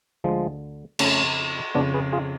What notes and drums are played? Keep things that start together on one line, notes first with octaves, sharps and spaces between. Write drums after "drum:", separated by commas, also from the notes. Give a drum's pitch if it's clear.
D2 D3 F3 G#3
F2 C#3 A3 C#4, drum: cymbal
F2 C#3 B3 D4
G#4 B4
F4 G#4